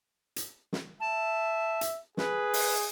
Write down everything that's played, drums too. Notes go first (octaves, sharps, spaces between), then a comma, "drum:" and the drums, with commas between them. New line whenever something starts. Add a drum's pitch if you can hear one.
drum: hi-hat
drum: snare
E5 A5
drum: hi-hat
G#4 B4, drum: snare
drum: open hi-hat